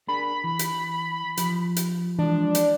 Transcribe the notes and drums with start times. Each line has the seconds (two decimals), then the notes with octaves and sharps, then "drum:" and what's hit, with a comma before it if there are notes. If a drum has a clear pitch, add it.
0.08 D4 G#4 A#4 B5
0.44 E3
0.59 drum: hi-hat
1.37 F3, drum: hi-hat
1.76 drum: hi-hat
2.18 E3 F3 G#3 D4
2.55 drum: hi-hat